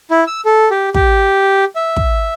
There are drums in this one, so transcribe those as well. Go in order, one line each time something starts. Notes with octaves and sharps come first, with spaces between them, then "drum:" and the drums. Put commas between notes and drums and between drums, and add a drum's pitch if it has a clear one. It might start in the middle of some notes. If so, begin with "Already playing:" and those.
E4
E6
A4
G4
G4, drum: kick
E5
drum: kick